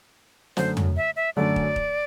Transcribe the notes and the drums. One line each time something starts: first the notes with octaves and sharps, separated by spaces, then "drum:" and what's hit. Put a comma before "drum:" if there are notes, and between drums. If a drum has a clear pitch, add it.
F#2 D3 A3 C5, drum: snare
drum: tom
E5
E5
F#2 D3 A3 D5
drum: kick
drum: kick